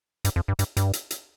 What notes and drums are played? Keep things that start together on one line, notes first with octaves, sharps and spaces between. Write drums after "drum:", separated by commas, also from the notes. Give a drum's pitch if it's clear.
G2, drum: hi-hat
F2
G2
G2, drum: hi-hat
G2, drum: hi-hat
drum: hi-hat
drum: hi-hat